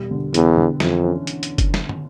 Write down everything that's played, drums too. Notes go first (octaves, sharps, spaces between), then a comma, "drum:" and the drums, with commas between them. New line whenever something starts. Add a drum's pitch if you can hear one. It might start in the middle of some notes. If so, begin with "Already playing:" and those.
Already playing: E1 G3
D3
E2 B3, drum: hi-hat
D3
F2 E3, drum: snare
C#4
drum: hi-hat
drum: hi-hat
drum: kick F#1, hi-hat
drum: snare
drum: tom